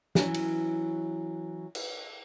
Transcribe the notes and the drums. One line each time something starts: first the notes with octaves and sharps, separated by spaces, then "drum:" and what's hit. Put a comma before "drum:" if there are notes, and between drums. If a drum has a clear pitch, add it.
E3 F#3 C#4, drum: snare
drum: cymbal
drum: cymbal